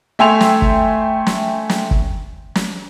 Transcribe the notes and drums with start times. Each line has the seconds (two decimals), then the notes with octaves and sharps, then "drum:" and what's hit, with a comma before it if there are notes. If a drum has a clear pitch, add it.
0.19 A3 E5 G5 G#5 C6 F7
0.40 drum: snare
0.62 drum: kick
1.26 drum: snare
1.69 drum: snare
1.91 drum: kick
2.55 drum: snare